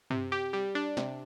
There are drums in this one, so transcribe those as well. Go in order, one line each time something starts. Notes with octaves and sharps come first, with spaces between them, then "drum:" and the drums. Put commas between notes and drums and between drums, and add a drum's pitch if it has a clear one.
C3, drum: tom
G4
G3
D4
C3, drum: snare